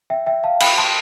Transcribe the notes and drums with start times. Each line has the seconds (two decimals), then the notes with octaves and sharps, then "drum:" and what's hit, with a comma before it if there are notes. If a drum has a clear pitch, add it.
0.10 E5 G5
0.26 E5 G5
0.44 F5 A5
0.60 G5 B5, drum: cymbal
0.78 A5 C6